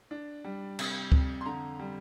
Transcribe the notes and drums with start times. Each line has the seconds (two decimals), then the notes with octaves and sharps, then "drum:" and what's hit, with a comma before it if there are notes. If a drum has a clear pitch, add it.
0.11 D4
0.45 G3
0.79 C3, drum: cymbal
1.12 F2, drum: kick C#2
1.41 C6
1.46 D3 A#5
1.80 G3